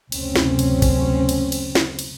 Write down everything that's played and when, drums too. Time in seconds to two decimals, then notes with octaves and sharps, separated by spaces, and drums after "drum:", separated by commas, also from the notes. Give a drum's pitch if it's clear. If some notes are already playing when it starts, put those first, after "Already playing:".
0.12 F#1 D2 C3 C4 C#4, drum: cymbal
0.36 drum: snare
0.59 drum: cymbal
0.82 drum: kick A1, cymbal
1.29 drum: cymbal
1.52 drum: cymbal
1.75 drum: snare
1.99 drum: cymbal